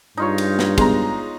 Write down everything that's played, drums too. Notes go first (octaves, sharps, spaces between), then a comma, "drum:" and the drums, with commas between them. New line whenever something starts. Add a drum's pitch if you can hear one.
G2 D#4 F4 C#5
drum: cymbal
drum: snare
G#3 B3 A#5 C6, drum: kick, cymbal